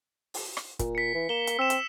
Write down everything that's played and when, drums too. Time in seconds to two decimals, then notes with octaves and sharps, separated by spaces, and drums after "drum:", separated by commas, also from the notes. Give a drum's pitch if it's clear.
0.34 drum: open hi-hat
0.57 drum: rim click
0.79 A#2, drum: kick, hi-hat
0.95 B6 C#7
1.14 E3
1.29 A#3 E7 G7
1.47 drum: hi-hat
1.59 C4 E6 E7
1.70 drum: hi-hat